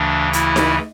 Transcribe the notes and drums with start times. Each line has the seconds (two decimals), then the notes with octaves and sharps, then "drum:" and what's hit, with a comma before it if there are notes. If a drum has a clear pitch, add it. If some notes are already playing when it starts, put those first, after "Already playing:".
Already playing: D2 C#3 E3 D4
0.33 E4, drum: hi-hat
0.56 drum: snare D#4